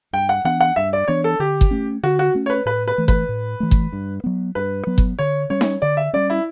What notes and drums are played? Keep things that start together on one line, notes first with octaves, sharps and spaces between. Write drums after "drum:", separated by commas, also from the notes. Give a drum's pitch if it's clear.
G2 G5
F#5
E3 B3 D4 F#5
F#5
G2 E5
D5
E3 B3 D4 C#5
A4
D3 G4
drum: kick G1
A3 C#4
D3 F#4
F#4
A3 C#4
C#5
B4
A2 B4
B4
E3 A3
B4, drum: kick G1
A2
E3 A3
drum: kick G1
G2
F#3 B3
G2 B4
F#3 B3
drum: kick G1
D3 C#5
G3 C#4 C#5
drum: snare D#4
D3 D5
E5
G3 C#4 D5
E4